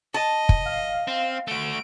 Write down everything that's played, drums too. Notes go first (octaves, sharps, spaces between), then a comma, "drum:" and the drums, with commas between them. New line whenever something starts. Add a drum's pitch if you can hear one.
D#5 A5
drum: kick
F5
C4
A3 F#4 D7